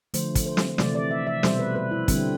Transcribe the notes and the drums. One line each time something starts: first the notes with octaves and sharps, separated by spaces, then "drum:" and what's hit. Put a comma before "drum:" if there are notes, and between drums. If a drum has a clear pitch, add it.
D3 F3 A3 C5, drum: hi-hat
drum: kick, hi-hat
C5
drum: snare
C3 E3 A3 D5, drum: snare
D5
E5
E5
B2 G3 C5, drum: snare
B4
B4
E4
D3 G3 C4, drum: kick, hi-hat